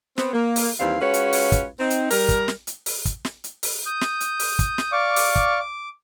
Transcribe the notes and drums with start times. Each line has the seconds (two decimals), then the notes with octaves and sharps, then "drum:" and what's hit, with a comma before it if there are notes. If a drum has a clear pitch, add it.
0.18 B3 C4, drum: snare
0.34 A#3
0.56 drum: open hi-hat
0.80 D#2 E3 G3 C4 F5
1.01 G#3 C#4 F4 F#4 B4 C#5
1.14 drum: hi-hat
1.33 drum: open hi-hat
1.52 drum: kick, hi-hat
1.80 C4 D#4
1.90 drum: hi-hat
2.11 G3 A#4, drum: open hi-hat
2.29 drum: kick, hi-hat
2.48 drum: snare
2.67 drum: hi-hat
2.86 drum: open hi-hat
3.05 drum: kick, hi-hat
3.25 drum: snare
3.44 drum: hi-hat
3.63 drum: open hi-hat
3.86 D#6 G6
4.01 drum: snare
4.20 drum: hi-hat
4.40 drum: open hi-hat
4.59 drum: kick, hi-hat
4.78 drum: snare
4.92 D5 F5 C#6 D6
5.16 drum: open hi-hat
5.36 drum: kick
5.60 D6